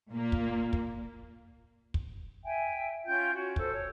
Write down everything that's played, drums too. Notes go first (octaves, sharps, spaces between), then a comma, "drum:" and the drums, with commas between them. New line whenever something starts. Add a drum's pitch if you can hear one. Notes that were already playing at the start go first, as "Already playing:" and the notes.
A#2 A#3
drum: kick
drum: kick
drum: kick
E5 G5 G#5
C#4 F4 G5 G6
C#4 F#4
A4 C5, drum: kick
C#5